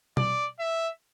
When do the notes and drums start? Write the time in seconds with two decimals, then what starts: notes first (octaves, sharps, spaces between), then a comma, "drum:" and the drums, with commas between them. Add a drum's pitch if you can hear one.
0.17 D5, drum: tom B2
0.59 E5